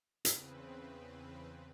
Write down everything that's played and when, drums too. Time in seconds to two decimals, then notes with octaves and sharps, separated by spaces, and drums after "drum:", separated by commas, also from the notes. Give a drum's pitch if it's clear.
0.25 E2 C#3 C4 B4, drum: hi-hat